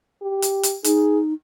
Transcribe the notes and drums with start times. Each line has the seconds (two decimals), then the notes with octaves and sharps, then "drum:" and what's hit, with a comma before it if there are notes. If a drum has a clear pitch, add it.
0.22 G4
0.42 drum: hi-hat
0.63 drum: hi-hat
0.84 D#4 G#4, drum: hi-hat